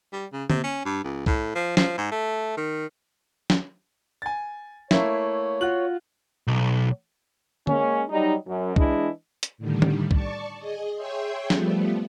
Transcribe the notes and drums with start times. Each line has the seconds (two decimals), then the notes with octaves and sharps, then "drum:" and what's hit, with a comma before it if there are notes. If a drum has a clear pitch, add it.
0.13 G3
0.33 C#3
0.50 C3, drum: tom D3
0.64 C#4
0.85 G2
1.04 C#2
1.26 A2, drum: kick
1.55 F3
1.77 F3, drum: snare
1.98 G#2
2.12 A3
2.57 D#3
3.50 drum: snare
4.22 G#5 A6
4.91 A3 A#3 E4 C#5, drum: snare
5.61 F4 F#4 F#6 F#7
6.47 B1
7.67 G#3 A#3 C#4, drum: tom D3
8.09 F#3 G3 D#4
8.46 F#2
8.76 E3 G#3 D4 E4 D#5, drum: kick
9.43 drum: hi-hat
9.58 A2 D3 D#3 G3
9.82 drum: tom D#3
10.11 D5 A5 C#6, drum: kick
10.58 G#4 D#5
10.96 G#4 C#5 E5 G5 C6
11.50 F3 G3 A3 B3, drum: snare